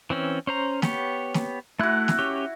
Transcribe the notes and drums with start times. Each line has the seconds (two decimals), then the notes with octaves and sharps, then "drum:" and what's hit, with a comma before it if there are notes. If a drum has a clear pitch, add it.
0.10 E3 C4 C#4
0.47 C#4 C5 A#5
0.82 B3 G4 C#5, drum: snare
1.34 drum: snare
1.79 A3 E4 F#4 F#6
2.08 drum: snare
2.19 C#4 G4